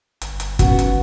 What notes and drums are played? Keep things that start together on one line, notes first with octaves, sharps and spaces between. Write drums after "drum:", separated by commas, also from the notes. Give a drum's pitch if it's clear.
G1, drum: hi-hat
drum: hi-hat
C#2 D#3 B3 F#4, drum: kick, hi-hat
drum: hi-hat